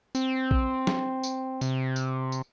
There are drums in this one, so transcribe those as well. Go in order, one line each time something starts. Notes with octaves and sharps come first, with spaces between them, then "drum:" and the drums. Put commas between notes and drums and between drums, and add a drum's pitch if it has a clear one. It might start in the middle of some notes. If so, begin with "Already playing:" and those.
C4, drum: tambourine
drum: kick A#1
drum: snare
drum: tambourine
C3, drum: tambourine
drum: tambourine
drum: tambourine